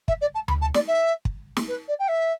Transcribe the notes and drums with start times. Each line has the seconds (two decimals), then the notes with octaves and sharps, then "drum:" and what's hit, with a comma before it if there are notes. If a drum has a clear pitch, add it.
0.08 E5, drum: kick
0.21 D5
0.35 A5
0.48 B5, drum: tom D2
0.61 A5
0.74 D5, drum: snare
0.88 E5
1.25 drum: kick
1.57 drum: snare
1.68 B4
1.88 D5
1.99 G5
2.08 E5